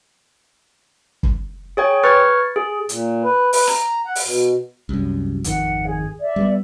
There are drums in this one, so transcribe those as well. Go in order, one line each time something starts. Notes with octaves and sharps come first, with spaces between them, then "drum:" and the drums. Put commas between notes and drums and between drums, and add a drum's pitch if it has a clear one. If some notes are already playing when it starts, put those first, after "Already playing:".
drum: kick
G#4 C#5 G5
B4 C#6 F6 G#6 A6
G#4
A#2, drum: hi-hat
B4
B4, drum: open hi-hat
A#5, drum: rim click
F#5
drum: open hi-hat
B2
C2 F#2
G#1 F2 D#3 F#5, drum: hi-hat
G#4
D5 E5
G3 A3 B3